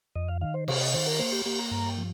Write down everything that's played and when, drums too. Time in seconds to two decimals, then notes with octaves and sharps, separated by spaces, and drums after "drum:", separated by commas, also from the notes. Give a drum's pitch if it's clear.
0.16 F2 D#5
0.28 F5
0.41 D#3 F5
0.54 C5
0.68 C3 C5, drum: cymbal
0.80 D#5
0.94 D#3 C5
1.07 A#4
1.19 A#3 C5
1.32 G4
1.46 A#3 G4
1.59 A#5
1.71 G2 A#5
1.89 G5
1.98 F3